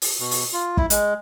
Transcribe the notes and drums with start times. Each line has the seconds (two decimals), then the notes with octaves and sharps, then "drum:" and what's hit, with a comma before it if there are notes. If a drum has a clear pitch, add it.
0.02 drum: open hi-hat
0.20 B2
0.31 drum: open hi-hat
0.53 F4
0.77 E4, drum: kick
0.90 G#3, drum: hi-hat